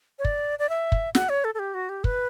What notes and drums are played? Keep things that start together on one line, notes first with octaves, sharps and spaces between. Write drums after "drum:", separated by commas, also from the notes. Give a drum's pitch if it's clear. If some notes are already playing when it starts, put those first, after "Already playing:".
C#5
D5, drum: kick
D5
E5
drum: kick
F#5, drum: snare
C#5
A4
A4
G4
F#4
G4
B4, drum: kick